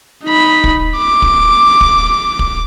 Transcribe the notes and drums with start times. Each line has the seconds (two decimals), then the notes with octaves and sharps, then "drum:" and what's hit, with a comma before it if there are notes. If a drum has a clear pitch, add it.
0.25 D#4 B5
0.64 drum: kick
0.98 D6
1.22 drum: kick
1.81 drum: kick
2.39 drum: kick